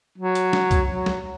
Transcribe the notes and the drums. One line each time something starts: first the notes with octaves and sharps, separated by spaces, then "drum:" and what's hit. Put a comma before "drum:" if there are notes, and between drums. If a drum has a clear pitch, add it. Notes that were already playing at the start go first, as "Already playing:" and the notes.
F#3
drum: hi-hat
drum: snare
drum: kick C2, hi-hat
F#3
drum: snare